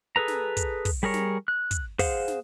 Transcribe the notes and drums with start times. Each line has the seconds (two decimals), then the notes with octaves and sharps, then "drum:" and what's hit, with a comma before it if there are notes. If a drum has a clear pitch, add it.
0.16 G#4 A4 B4 A#5
0.28 drum: snare
0.57 drum: kick, hi-hat
0.85 drum: kick, open hi-hat
1.03 G3 G#4 A#4 C#5
1.14 drum: snare
1.48 F#6
1.71 drum: kick, hi-hat
1.99 G#4 C5 F5 F#5, drum: kick, open hi-hat
2.28 drum: snare